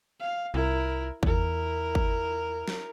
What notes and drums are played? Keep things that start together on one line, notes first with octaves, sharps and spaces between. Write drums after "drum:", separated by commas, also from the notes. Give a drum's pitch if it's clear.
F5
C2 E4 A#4
E2 E4 A#4, drum: kick G1
drum: kick G1
drum: snare